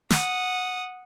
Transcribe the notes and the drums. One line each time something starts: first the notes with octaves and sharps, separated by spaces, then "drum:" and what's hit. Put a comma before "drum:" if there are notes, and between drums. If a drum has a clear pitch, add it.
F#5 D#6, drum: snare